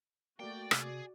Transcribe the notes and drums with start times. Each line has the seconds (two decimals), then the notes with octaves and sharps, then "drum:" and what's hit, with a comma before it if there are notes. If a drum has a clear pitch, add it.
0.40 A3 A#3 F#4 D5 G5
0.71 C3 G#4, drum: rim click